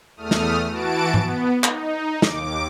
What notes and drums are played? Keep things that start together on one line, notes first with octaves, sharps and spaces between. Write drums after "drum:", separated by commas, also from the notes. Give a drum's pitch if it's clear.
E2 A3 D#6 F6
drum: snare
E3 F#4 A5 D7
B3, drum: tom G#2
D#4, drum: clap
D#2 D6, drum: snare